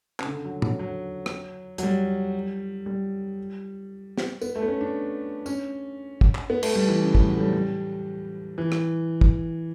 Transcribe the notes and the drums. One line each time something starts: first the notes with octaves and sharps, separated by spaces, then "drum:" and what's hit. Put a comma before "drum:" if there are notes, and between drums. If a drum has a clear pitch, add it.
C#3, drum: clap
D3
F#3
F#3, drum: tom A2
F#3
drum: rim click
F#3, drum: hi-hat
G3
G3
drum: snare
B3, drum: tambourine
A3
B3
C#4
D4
C#4, drum: tambourine
drum: kick
drum: clap
B3
A3, drum: cymbal
G3
E3
C#3
A2, drum: kick
F#3
A3
G3
G3
E3
drum: rim click
drum: kick